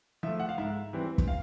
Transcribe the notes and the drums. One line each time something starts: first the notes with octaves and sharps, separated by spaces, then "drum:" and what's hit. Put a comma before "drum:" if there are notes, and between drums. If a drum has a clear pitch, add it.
F3 A3 E5
F#5
F5
G#2 E5
E3 G3 C4
drum: kick
F5